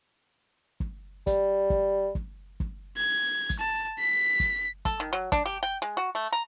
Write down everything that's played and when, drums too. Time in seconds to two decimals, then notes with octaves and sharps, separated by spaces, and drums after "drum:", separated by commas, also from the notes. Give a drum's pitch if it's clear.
0.80 drum: kick
1.27 G3, drum: kick, hi-hat
1.70 drum: kick
2.15 drum: kick
2.60 drum: kick
2.97 G#6
3.50 drum: kick, hi-hat
3.59 A5
4.00 B6
4.40 drum: kick, hi-hat
4.85 A4, drum: kick, hi-hat
5.00 D#3
5.13 F#3
5.32 D4, drum: kick, hi-hat
5.46 G4
5.63 G5
5.82 G#3
5.97 F#4
6.15 A3
6.33 A#5